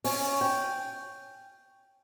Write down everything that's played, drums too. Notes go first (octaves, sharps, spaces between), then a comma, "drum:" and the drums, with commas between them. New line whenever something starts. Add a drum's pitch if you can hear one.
C#4, drum: open hi-hat
G5